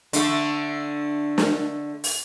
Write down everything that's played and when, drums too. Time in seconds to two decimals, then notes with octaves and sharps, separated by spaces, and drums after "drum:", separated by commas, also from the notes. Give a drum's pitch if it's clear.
0.13 D3 A3, drum: hi-hat
1.38 drum: snare
2.04 drum: open hi-hat